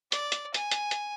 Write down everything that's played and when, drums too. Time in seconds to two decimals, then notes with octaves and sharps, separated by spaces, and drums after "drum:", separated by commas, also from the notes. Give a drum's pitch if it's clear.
0.12 D5, drum: hi-hat
0.32 drum: hi-hat
0.54 G#5, drum: hi-hat
0.71 drum: hi-hat
0.91 drum: hi-hat